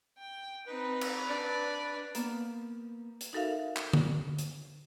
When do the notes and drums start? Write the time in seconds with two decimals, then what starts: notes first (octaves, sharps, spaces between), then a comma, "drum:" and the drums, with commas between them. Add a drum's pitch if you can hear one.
0.18 G5
0.67 C4 D#4 B4
1.01 drum: cymbal
1.28 D4 D5
2.15 A#3 B3, drum: hi-hat
3.21 drum: hi-hat
3.33 D#4 F#4 A4 A#4 E5 F5
3.76 drum: clap
3.93 drum: tom D3
4.39 drum: hi-hat